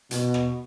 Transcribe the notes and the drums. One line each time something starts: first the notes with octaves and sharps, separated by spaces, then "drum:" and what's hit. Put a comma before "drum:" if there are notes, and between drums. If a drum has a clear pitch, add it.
B2, drum: hi-hat
drum: rim click